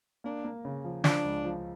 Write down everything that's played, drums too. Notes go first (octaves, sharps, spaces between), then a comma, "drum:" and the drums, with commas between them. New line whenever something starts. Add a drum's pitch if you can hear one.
A#3 D4
A#3
C#3
F3
F3 D4, drum: snare
C#2
F3